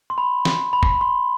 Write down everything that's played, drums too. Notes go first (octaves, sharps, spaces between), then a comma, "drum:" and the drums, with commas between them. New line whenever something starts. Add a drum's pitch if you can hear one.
C6
B5
drum: snare
B5
drum: kick
C6